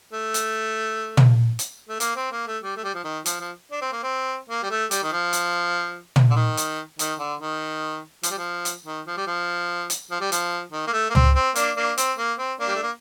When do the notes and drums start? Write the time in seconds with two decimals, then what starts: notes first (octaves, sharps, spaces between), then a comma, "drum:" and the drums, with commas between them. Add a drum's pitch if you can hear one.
0.13 A3
0.34 drum: hi-hat
1.17 drum: tom
1.59 drum: hi-hat
1.89 A3
2.00 A#3, drum: hi-hat
2.16 C4
2.32 A#3
2.47 A3
2.63 G3
2.77 A3
2.84 G3
2.95 F3
3.04 D#3
3.26 F3, drum: hi-hat
3.40 F3
3.72 D4
3.82 C4
3.93 A#3
4.03 C4
4.50 A#3
4.63 G3
4.71 A3
4.91 G3, drum: hi-hat
5.04 D#3
5.12 F3
5.33 drum: hi-hat
6.16 drum: tom
6.31 D3
6.36 D#3
6.57 drum: hi-hat
6.99 D#3, drum: hi-hat
7.19 D3
7.41 D#3
8.23 F3, drum: hi-hat
8.31 G3
8.38 F3
8.65 drum: hi-hat
8.86 D#3
9.07 F3
9.18 G3
9.27 F3
9.90 drum: hi-hat
10.11 F3
10.21 G3
10.32 F3, drum: hi-hat
10.72 D#3
10.87 A#3
10.93 A3
11.10 A#3
11.15 C4, drum: tom C#2
11.35 C4
11.55 A#3 D4, drum: hi-hat
11.77 A#3 D4
11.98 C4, drum: hi-hat
12.18 A#3
12.39 C4
12.60 A#3 D4
12.68 G3
12.76 A3
12.83 A#3